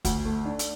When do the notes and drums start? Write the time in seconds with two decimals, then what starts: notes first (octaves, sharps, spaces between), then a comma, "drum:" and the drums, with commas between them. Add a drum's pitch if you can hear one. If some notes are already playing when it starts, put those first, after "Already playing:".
0.05 D2, drum: kick, hi-hat
0.25 A3
0.45 D4
0.59 drum: hi-hat